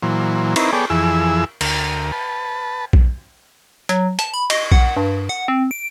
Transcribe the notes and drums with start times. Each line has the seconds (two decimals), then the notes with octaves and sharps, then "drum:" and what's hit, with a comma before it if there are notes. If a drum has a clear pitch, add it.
0.03 A#2 E3 F#3 C5
0.56 C4 D#4 E4 A#4 B4, drum: cymbal
0.73 B3 G#4 A4 C#5 D5 G5
0.90 F2 E3 G#4 E6
1.61 D2 A#4, drum: cymbal
2.12 B4 A5
2.93 drum: kick A#1
3.89 F#3, drum: hi-hat
4.19 A5, drum: hi-hat
4.34 B5
4.50 D#5, drum: cymbal
4.72 F#5, drum: kick A#1
4.97 G2
5.29 F#5
5.48 C4
5.71 D7